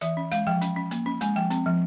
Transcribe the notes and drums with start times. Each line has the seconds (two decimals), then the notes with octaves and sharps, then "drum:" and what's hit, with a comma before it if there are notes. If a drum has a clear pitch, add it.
0.01 E3 E5, drum: hi-hat
0.17 C#4
0.32 G#3 F5, drum: hi-hat
0.47 F3 G5
0.62 C#4, drum: hi-hat
0.76 C#4
0.91 A#3, drum: hi-hat
1.06 C#4
1.21 G#3 G#5, drum: hi-hat
1.36 F3 G5
1.50 C4, drum: hi-hat
1.66 F3